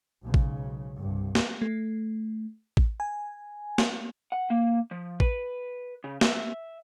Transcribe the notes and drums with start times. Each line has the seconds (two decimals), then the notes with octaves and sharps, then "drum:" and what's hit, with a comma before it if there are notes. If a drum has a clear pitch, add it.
0.23 B1 G#2 C#3
0.34 drum: kick A1
0.96 C2 G2
1.35 drum: snare
1.62 A3
2.77 drum: kick A1
3.00 G#5
3.78 drum: snare
4.32 F#5
4.50 A#3
4.91 F3
5.20 B4, drum: kick A1
6.04 C#3
6.21 E5, drum: snare